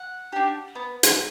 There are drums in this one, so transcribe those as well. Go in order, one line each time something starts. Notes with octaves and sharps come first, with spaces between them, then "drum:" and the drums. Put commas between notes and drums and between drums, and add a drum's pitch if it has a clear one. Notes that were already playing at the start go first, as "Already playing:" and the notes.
Already playing: F#5
D4 G4
B3
drum: hi-hat